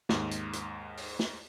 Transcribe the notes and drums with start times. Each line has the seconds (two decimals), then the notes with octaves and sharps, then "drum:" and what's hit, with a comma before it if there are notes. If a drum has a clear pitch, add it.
0.09 D#2 G#2, drum: snare
0.31 drum: hi-hat
0.53 drum: hi-hat
0.97 drum: open hi-hat
1.19 drum: snare